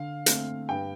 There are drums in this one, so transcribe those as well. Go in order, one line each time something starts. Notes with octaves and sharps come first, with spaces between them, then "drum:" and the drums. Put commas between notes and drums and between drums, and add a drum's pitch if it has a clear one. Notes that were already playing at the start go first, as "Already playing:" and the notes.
Already playing: D3 F5
A3 C4, drum: hi-hat
G2 G5